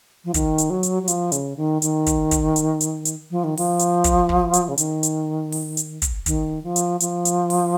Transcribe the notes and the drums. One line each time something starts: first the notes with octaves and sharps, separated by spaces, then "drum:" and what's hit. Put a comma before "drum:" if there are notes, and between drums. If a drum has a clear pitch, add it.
F3
D#3, drum: kick, hi-hat
drum: hi-hat
F#3
drum: hi-hat
F#3
F3, drum: hi-hat
C#3, drum: hi-hat
D#3
D#3, drum: hi-hat
drum: kick, hi-hat
drum: kick, hi-hat
drum: hi-hat
drum: hi-hat
drum: hi-hat
F3
D#3
F3, drum: open hi-hat
drum: hi-hat
drum: kick, hi-hat
drum: kick
drum: hi-hat
C#3
D#3, drum: hi-hat
drum: hi-hat
drum: open hi-hat
drum: hi-hat
drum: kick, hi-hat
D#3, drum: kick, hi-hat
F3
drum: hi-hat
F3, drum: hi-hat
drum: hi-hat
drum: open hi-hat